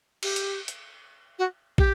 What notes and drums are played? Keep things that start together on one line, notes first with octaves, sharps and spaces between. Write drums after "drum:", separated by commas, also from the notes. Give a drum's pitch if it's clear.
G4, drum: cymbal
drum: hi-hat
drum: hi-hat
F#4
G4, drum: kick